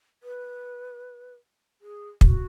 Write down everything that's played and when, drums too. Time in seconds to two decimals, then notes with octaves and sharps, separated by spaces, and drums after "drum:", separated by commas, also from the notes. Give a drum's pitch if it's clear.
0.23 B4
1.81 G#4
2.21 G#4, drum: kick
2.25 F#4